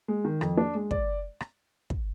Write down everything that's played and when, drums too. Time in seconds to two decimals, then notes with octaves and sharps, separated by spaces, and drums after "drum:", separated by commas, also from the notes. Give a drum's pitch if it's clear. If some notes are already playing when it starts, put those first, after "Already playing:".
0.08 G#3
0.25 D#3
0.41 F2, drum: rim click
0.57 D4
0.75 G#3
0.91 D5, drum: kick
1.40 drum: rim click
1.90 drum: kick